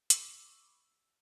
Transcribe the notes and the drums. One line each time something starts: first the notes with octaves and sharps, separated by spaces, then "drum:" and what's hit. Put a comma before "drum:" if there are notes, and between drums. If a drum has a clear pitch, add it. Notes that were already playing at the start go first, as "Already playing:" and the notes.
B5 C#6 D6 E6 D7 F#7, drum: hi-hat